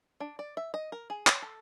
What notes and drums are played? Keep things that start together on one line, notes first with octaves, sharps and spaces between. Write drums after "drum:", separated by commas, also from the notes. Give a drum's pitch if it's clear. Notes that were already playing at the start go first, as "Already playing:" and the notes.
D4
D5
E5
D#5
A#4
G#4
C#5, drum: clap
A4